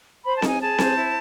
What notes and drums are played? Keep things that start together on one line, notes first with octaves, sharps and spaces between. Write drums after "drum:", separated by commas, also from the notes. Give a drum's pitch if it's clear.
C5 B5
A5
D#4, drum: snare C4
G#5
G#4 A5
C5, drum: snare C4
E4